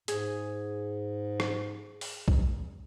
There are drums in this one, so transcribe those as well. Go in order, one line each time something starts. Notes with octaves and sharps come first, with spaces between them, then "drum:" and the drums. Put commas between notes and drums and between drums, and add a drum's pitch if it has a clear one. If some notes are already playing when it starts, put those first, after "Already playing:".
G#2 G#4, drum: hi-hat
drum: rim click
drum: open hi-hat
drum: kick